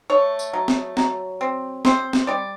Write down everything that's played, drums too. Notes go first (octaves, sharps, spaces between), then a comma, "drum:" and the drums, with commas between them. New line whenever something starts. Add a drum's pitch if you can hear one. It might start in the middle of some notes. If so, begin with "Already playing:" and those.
A3 C#5
drum: tambourine
F#3
drum: snare
F#3, drum: snare
C4
C4 C5, drum: snare
drum: snare
G3 D5